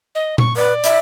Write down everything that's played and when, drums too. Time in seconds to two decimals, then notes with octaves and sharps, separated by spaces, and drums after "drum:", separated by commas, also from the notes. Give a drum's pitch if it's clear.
0.15 D#5
0.38 C#6, drum: tom A#2
0.57 B4 D5
0.84 E5, drum: hi-hat